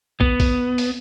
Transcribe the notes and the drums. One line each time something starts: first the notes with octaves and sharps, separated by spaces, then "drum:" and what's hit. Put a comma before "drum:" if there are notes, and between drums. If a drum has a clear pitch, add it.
B3, drum: kick
drum: kick, open hi-hat
drum: open hi-hat